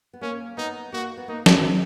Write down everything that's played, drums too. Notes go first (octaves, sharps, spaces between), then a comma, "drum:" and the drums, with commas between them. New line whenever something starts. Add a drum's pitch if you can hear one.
B3
A#3 C#4
B3 D#4
A#3 F#4
B3
A#3 D#4
G#3, drum: snare
G#3